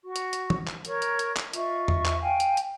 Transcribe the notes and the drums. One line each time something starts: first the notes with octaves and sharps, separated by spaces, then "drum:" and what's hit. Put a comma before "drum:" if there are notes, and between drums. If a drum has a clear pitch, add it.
F#4 C#6
drum: hi-hat
drum: hi-hat
drum: tom E3
drum: clap
A#4 C#5 C#6, drum: hi-hat
drum: hi-hat
drum: hi-hat
drum: clap
F4 D#5 E5 C#6, drum: hi-hat
drum: tom E2
drum: clap
F5 G5 G#5
drum: hi-hat
drum: hi-hat